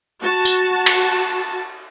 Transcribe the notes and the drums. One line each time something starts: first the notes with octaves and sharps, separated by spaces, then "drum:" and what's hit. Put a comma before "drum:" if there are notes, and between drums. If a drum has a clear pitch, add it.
F#4 A5
drum: tambourine
drum: cymbal